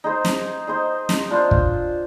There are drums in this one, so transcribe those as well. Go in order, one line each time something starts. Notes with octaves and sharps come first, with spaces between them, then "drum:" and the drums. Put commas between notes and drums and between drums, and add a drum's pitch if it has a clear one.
D#4 G#4 C5
drum: snare
D#4 G#4 C5
drum: snare
D4 F4 C5
drum: kick